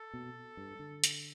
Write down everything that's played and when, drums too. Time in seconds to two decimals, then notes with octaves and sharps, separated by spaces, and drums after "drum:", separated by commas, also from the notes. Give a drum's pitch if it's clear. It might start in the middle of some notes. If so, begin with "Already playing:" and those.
Already playing: A4
0.14 B2
0.57 G2
0.79 D3
1.04 drum: hi-hat